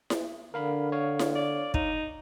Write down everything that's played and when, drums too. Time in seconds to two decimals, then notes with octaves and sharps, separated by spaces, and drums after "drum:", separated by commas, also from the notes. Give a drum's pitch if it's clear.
0.10 drum: snare E4
0.54 D3 A#4 F5 B5
0.92 C#5 F5
1.19 drum: snare E4
1.35 D5
1.74 D#4, drum: kick